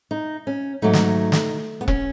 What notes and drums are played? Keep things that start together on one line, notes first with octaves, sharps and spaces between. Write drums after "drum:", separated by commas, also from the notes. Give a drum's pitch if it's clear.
D#4
C#4
G#2 F#3 A3 D#4
drum: snare
drum: snare
B3
C#4, drum: kick E1